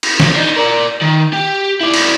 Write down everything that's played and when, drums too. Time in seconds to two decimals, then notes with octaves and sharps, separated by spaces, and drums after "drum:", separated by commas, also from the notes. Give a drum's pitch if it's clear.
0.03 drum: cymbal
0.20 drum: snare
0.36 D4 D#4
0.56 A#4 D5
1.01 D#3
1.33 G4
1.81 E4 D5
1.94 drum: cymbal